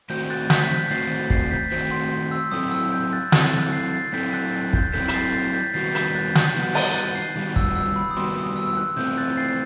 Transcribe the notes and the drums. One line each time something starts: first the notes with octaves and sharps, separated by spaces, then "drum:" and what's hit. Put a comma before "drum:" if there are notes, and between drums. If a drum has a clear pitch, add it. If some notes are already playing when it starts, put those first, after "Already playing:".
D#3 A3 C4 F#4 C5 G6
F#6 A6
G6 B6, drum: snare
G6 B6
D#3 A3 C4 F#4 C5 A6 C7
A6 C7, drum: kick
G6 B6
D#3 A3 C4 F#4 C5 G6 B6
C6
C6
E6
F#3 C4 E4 A4 D#6
E6
G6
F#6 A6
F#3 C4 E4 A4 F#6 A6, drum: snare
F#6 A6
A6 C7
A6 C7
F#3 C4 E4 A4 G6 B6
F#6 A6
F#6 A6
G6, drum: kick
F#3 C4 E4 A4 G6 B6
B6, drum: hi-hat
A6 C7
A6 C7
G6 B6
D#3 G3 B3 F#4 A6 C7
G6 B6, drum: hi-hat
F#6 A6
G6, drum: snare
D#3 G3 B3 F#4
F#6 A6, drum: open hi-hat
F#6 A6
A6 C7
D#3 G3 B3 F#4
E6, drum: kick
E6
B5
D#6
D#3 G3 B3 F#4 C6
D#6
E6
E6
F#6
C3 E3 A3 C4 G6
F#6 A6
A6 C7